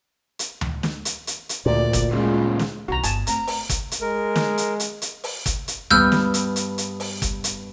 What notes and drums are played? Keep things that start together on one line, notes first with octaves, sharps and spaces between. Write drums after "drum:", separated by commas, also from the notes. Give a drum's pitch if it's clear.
drum: hi-hat
drum: tom D2
drum: snare
drum: hi-hat
drum: hi-hat
drum: hi-hat
D2 A#2 D5
drum: kick, hi-hat
A2 C#3 G#3 F4
drum: snare
C2 D#3 F#4 A#5
G1 G#5 A5, drum: hi-hat
A3 C4 A#5, drum: hi-hat
drum: open hi-hat
drum: kick, hi-hat
drum: hi-hat
G#3 A#4
drum: snare
drum: hi-hat
drum: hi-hat
drum: hi-hat
drum: open hi-hat
drum: kick, hi-hat
drum: hi-hat
G2 B3 E6 F6 G6, drum: tom D2
drum: snare
drum: hi-hat
drum: hi-hat
drum: hi-hat
drum: open hi-hat
drum: kick, hi-hat
drum: hi-hat